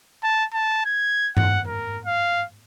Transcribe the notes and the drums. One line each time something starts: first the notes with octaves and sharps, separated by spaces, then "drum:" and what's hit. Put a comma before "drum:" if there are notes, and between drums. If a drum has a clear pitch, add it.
A5
A5
G#6
F#5, drum: tom G2
A#4
F5